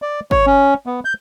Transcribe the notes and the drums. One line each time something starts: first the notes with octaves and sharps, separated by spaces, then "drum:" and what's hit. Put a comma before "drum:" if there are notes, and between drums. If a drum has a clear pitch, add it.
D5
C#5, drum: kick G1
C#4
B3
G6